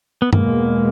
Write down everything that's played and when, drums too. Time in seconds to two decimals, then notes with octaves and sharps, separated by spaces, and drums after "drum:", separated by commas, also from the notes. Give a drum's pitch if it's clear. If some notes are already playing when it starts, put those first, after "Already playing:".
0.22 B3
0.33 E2 B2 G#3 A#3 B3, drum: tom G2